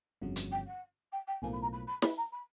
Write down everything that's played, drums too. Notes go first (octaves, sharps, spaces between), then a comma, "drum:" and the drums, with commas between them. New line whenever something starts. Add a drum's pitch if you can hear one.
G1 F2 C#3 F#3
drum: hi-hat
G5
F#5
G5
G5
B1 A2 F3 A#3 G#5
B5
A#5
B5
B5
B5, drum: snare
A#5
B5